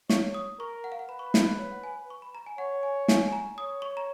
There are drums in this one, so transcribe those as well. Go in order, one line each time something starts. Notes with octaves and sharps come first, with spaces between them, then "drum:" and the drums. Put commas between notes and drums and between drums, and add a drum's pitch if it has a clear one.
C#5 C#6, drum: snare
D#6
A#4 C#6
F#5
F5
F#5
B4 B5
C#6
B5
F5, drum: snare
D#5
C#5
F#5
G#5
C#6
B5
A#5
G#5
C#5 F#5
G#5
G#5, drum: snare
G#5
A#5
C#5 D#6
C#6
A#5